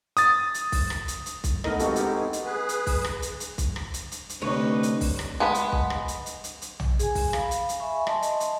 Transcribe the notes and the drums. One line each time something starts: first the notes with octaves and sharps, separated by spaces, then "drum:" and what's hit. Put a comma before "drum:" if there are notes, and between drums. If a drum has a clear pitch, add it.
D#6 A6, drum: hi-hat
drum: hi-hat
drum: kick, open hi-hat
drum: rim click
drum: hi-hat
drum: hi-hat
drum: kick, hi-hat
A3 B3 D#4 E4 A#4 D#5, drum: rim click
G#3 C4 F#4 G4 A4, drum: hi-hat
B3 D#4 G4, drum: hi-hat
G#4
drum: hi-hat
G#4 B4
drum: hi-hat
drum: kick, open hi-hat
drum: rim click
drum: hi-hat
drum: hi-hat
drum: kick, hi-hat
drum: rim click
drum: hi-hat
drum: hi-hat
drum: hi-hat
D2 C3 D#4 B4 C#5
drum: hi-hat
drum: kick, open hi-hat
drum: rim click
G#3 B3 B4
drum: hi-hat
drum: kick
drum: rim click
drum: hi-hat
drum: hi-hat
drum: hi-hat
drum: hi-hat
drum: tom
G#4 G#5, drum: hi-hat
drum: kick, open hi-hat
F5 B5, drum: rim click
drum: hi-hat
drum: hi-hat
E5 G#5 B5 C#6
D#5 A5 C6, drum: rim click
drum: hi-hat
drum: hi-hat